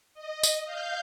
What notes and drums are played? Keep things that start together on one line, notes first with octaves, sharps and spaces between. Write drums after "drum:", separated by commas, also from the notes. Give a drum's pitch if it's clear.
D#5
drum: tambourine
F5 G6